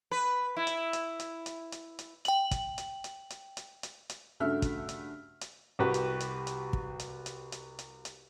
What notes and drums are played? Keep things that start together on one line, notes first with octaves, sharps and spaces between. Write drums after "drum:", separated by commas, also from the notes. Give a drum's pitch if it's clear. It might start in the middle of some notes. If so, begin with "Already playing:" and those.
B4
E4
drum: hi-hat
drum: hi-hat
drum: hi-hat
drum: hi-hat
drum: hi-hat
drum: hi-hat
G5 F#7, drum: hi-hat
drum: kick, hi-hat
drum: hi-hat
drum: hi-hat
drum: hi-hat
drum: hi-hat
drum: hi-hat
drum: hi-hat
G2 C#3 A3 F#4 E5 F6
drum: kick, hi-hat
drum: hi-hat
drum: hi-hat
C2 F#4 G4 B4
drum: hi-hat
drum: hi-hat
drum: hi-hat
drum: kick
drum: hi-hat
drum: hi-hat
drum: hi-hat
drum: hi-hat
drum: hi-hat